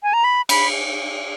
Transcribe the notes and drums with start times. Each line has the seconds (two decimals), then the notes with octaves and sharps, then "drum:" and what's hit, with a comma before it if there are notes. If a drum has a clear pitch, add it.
0.03 G#5
0.13 A#5
0.24 B5
0.49 B5, drum: cymbal